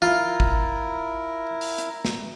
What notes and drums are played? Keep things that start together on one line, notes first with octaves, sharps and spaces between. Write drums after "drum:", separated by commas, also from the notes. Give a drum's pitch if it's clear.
E4 F4 A#4
drum: kick
drum: open hi-hat
drum: hi-hat
drum: snare